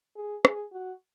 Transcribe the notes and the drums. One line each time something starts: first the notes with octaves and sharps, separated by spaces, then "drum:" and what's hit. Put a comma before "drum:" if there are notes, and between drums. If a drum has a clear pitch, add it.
G#4
G#4, drum: rim click
F#4